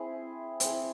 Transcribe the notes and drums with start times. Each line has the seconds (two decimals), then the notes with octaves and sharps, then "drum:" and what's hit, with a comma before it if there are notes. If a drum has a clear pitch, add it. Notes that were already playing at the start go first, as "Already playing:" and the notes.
Already playing: C4 E4 G#4
0.60 C4 E4 G#4, drum: hi-hat